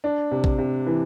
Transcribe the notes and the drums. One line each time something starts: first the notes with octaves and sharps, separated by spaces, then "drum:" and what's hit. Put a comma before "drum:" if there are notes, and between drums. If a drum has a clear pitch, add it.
D4
C3
drum: kick
C3
E3